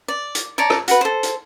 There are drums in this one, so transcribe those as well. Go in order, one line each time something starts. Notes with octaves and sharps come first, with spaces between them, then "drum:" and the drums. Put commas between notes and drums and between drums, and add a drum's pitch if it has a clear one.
D5
drum: hi-hat
C#5 D5 A5 A#5
drum: rim click
F#4 B4, drum: hi-hat
A4 C5
drum: hi-hat